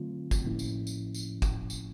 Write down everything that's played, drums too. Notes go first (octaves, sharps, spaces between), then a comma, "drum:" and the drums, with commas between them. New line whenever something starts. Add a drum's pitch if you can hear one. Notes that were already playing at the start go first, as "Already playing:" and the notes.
Already playing: D3 F#3 A3 C4 F4
drum: kick, tambourine
A2 F3 A#3 C#4 E4
drum: tambourine
drum: tambourine
drum: tambourine
drum: kick, tambourine
drum: tambourine